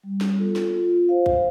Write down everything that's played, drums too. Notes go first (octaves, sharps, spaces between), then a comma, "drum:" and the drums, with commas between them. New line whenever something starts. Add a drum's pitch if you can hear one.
G3
drum: snare
B3 F4 A4
drum: snare
F4
C5 F5
drum: kick